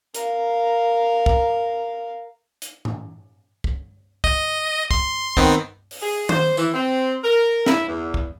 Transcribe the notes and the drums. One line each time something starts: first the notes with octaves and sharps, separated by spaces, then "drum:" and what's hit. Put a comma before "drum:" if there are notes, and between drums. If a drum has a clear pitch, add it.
A#4 F5, drum: hi-hat
drum: kick
drum: hi-hat
drum: tom G#2
drum: kick
D#5, drum: kick
C6, drum: kick
D#3 B3 C4, drum: kick
drum: open hi-hat
G#4
C5, drum: tom D#3
E3, drum: tambourine
C4
A#4
E4, drum: snare
E2
drum: kick